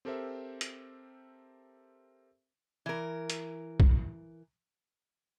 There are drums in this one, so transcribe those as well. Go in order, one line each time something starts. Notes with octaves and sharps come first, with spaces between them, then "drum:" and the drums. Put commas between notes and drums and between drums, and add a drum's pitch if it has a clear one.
C4 G4 A4 A#4 C5 E5
drum: hi-hat
E3 A#4
drum: hi-hat
drum: kick B1